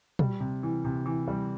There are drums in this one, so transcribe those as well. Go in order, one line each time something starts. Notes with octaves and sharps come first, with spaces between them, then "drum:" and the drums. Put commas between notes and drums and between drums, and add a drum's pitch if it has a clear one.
G3, drum: tom
C3
E3
C3
E3
G3